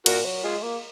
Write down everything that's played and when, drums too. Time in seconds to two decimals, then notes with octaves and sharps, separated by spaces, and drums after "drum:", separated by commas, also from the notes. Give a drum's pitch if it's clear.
0.06 A#2 F#4 A#4, drum: cymbal
0.25 F#3
0.43 G#3 F4 G#4
0.63 A#3